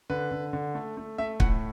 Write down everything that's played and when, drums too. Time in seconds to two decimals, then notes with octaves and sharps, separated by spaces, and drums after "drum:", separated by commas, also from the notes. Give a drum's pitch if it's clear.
0.10 D3 B4
0.31 D3
0.53 D3
0.75 A3
0.97 A3
1.18 A3 E5
1.40 A2 F#5, drum: kick